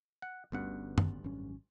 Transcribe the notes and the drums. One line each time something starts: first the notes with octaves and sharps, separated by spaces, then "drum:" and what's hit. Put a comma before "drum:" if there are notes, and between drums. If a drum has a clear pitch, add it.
F#5
G1 D2 G2 B3 C#4 F#5
drum: tom
G#1 F#2 C#4